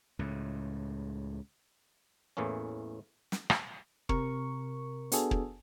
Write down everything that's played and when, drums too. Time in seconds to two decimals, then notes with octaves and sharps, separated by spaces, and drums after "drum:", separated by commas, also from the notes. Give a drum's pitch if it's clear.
0.19 C#2 A2
2.37 E2 A2 E3 A#3 C#4
3.32 drum: snare
3.50 drum: rim click
4.09 C3 A#4 C#6, drum: kick
5.12 B3 D4 F#4 G#4 A4, drum: hi-hat
5.31 drum: kick